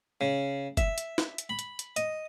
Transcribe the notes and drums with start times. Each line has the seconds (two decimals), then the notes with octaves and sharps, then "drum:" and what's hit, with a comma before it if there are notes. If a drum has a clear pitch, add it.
0.21 C#3
0.77 E5, drum: kick, hi-hat
0.98 drum: hi-hat
1.18 drum: snare
1.38 drum: hi-hat
1.49 B5
1.59 drum: hi-hat
1.79 drum: hi-hat
1.96 D#5, drum: hi-hat